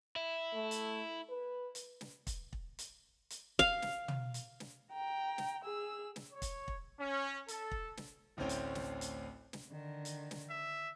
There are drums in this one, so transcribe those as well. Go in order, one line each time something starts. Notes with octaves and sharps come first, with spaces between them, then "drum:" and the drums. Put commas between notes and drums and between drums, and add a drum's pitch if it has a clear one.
E4
A3
drum: hi-hat
B4
drum: hi-hat
drum: snare
drum: kick, hi-hat
drum: kick
drum: hi-hat
drum: hi-hat
F5, drum: kick
drum: snare
drum: tom
drum: hi-hat
drum: snare
G5 A#5
drum: snare
G#4 E6
drum: snare
C#5
drum: kick, hi-hat
drum: kick
C#4
A4, drum: hi-hat
drum: kick
drum: snare
A1 D2 A2 C4 C#4 G5
drum: hi-hat
drum: snare
drum: hi-hat
drum: snare
D3 D#3
drum: hi-hat
drum: snare
E5